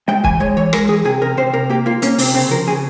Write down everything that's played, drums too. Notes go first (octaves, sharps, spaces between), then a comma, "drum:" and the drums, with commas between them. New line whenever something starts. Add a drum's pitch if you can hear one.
G#3 G5
E3 G#5, drum: kick
G#3 C#5
E3 C#5
G#3 A#4, drum: rim click
E3 G#4
C3 G#4
C3 A#4
C3 C5
C3 A#4
A#3 G4
A#3 F4
A#3 C#4, drum: hi-hat
C3 C4, drum: open hi-hat
C#3 C4
F3 A#4
C#3 G#4